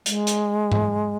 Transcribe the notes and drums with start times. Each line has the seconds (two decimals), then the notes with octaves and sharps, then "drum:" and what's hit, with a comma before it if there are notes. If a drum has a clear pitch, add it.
0.06 G#3, drum: hi-hat
0.27 drum: hi-hat
0.72 drum: tom G#2